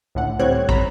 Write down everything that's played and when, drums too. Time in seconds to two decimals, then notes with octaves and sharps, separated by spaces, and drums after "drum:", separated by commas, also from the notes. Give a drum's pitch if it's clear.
0.15 C#2 A2 D3 F#5
0.39 A2 G3 C4 C#5 F#6 G#6
0.69 A#5 B5, drum: kick